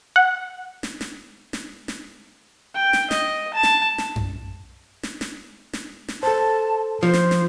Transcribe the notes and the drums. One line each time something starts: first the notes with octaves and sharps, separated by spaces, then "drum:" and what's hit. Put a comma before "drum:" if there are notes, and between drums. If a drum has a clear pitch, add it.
F#5
drum: snare
drum: snare
drum: snare
drum: snare
G5
drum: snare
D#5, drum: snare
A5
drum: snare
drum: snare
drum: tom F#2
drum: snare
drum: snare
drum: snare
drum: snare
A4 C5 A5
F3 C5
drum: snare
drum: snare